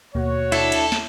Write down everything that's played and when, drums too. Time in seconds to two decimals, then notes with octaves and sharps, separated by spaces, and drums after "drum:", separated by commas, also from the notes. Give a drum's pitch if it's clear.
0.15 D#2 B2 A#3 F#4 C#5
0.52 D4 E4 A4, drum: cymbal
0.72 drum: cymbal
0.92 drum: snare